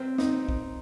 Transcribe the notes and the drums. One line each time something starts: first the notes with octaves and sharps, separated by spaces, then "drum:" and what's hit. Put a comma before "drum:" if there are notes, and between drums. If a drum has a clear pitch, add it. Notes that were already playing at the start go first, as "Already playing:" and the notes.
Already playing: C4
D#4, drum: snare
drum: kick